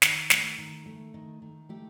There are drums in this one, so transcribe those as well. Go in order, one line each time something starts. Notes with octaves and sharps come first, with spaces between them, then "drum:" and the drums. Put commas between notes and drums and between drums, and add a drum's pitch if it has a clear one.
D#3, drum: snare
A3, drum: snare
D#3
A3
D#3
D#3
A3 G4